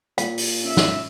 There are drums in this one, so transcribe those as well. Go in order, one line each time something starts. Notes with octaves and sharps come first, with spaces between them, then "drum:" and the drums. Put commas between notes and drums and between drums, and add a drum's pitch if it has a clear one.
A#2 F5, drum: hi-hat
drum: open hi-hat
C#4 E5
drum: snare